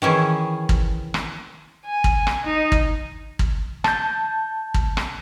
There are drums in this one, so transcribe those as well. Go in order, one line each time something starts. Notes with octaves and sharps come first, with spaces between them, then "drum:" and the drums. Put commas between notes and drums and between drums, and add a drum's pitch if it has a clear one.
D#3 E3 C#4 G#4
drum: kick
drum: rim click
G#5
drum: kick
drum: rim click
D#4
drum: kick
drum: kick
A5 G6, drum: rim click
drum: kick
drum: rim click